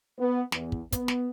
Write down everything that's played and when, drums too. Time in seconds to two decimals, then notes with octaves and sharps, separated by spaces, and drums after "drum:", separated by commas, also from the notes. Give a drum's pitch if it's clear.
0.18 B3
0.52 E2, drum: snare
0.72 drum: kick
0.92 B3, drum: kick, hi-hat
1.08 drum: snare